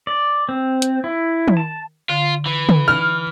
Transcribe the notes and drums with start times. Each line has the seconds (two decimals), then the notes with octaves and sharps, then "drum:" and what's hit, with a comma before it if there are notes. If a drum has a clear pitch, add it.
0.07 D5
0.49 C4
0.82 drum: hi-hat
1.04 E4
1.48 drum: tom
1.57 A5
2.09 D3 F4
2.46 E3
2.69 drum: tom
2.88 F6